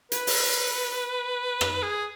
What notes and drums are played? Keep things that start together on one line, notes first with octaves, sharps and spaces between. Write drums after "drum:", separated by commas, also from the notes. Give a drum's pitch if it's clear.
B4, drum: hi-hat
drum: open hi-hat
drum: rim click
G#4